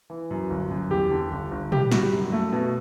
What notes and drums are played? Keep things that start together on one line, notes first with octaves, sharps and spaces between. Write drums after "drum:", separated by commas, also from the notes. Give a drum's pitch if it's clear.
E3
F#2
G1
F#2
E2 G4
D3
G1
G1
G3 G4, drum: tom
G3 F#4, drum: snare
F#2
A3
B2